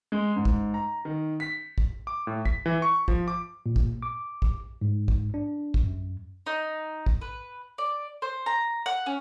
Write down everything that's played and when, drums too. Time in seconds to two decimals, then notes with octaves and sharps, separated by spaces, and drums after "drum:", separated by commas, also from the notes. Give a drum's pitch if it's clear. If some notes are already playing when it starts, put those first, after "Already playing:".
0.12 G#3
0.36 G#2
0.45 drum: kick
0.74 A#5
1.05 D#3
1.40 B6
1.78 drum: kick
2.07 D6
2.27 A2
2.45 B6, drum: kick
2.66 E3
2.82 C#6
3.08 F3, drum: kick
3.28 D6
3.66 A#2
3.76 drum: kick
4.03 D6
4.42 drum: kick
4.81 G#2
5.08 drum: kick
5.34 D4
5.74 drum: kick
5.83 F#2
6.46 D#4
7.06 drum: kick
7.21 B4
7.78 D5
8.22 C5
8.46 A#5
8.86 F#5
9.06 C#4